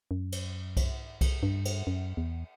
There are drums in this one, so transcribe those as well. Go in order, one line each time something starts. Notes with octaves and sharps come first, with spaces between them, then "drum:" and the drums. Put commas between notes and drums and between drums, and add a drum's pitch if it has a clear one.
F#2
drum: cymbal
drum: kick C2, cymbal
drum: kick C2, cymbal
G2
drum: cymbal
F#2
E2